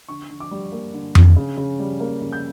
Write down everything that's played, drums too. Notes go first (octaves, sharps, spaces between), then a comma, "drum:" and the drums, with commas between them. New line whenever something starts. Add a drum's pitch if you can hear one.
D3 C#6
D3
D6
G3
A#3
D3
D3, drum: tom F2
C#3
C#3
G3
A#3
C#3
G6